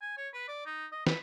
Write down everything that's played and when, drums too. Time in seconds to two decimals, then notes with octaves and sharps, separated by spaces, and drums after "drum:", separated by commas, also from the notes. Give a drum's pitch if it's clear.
0.02 G#5
0.17 C#5
0.34 B4
0.48 D5
0.66 D#4
0.92 D#5
1.07 B4, drum: snare